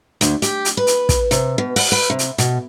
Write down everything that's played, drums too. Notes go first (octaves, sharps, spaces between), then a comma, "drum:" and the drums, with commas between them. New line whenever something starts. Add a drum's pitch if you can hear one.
D2, drum: hi-hat
G4, drum: hi-hat
drum: hi-hat
B4
drum: hi-hat
drum: kick, hi-hat
C3, drum: hi-hat
B2
F#5, drum: open hi-hat
B4
C3
drum: hi-hat
B2, drum: hi-hat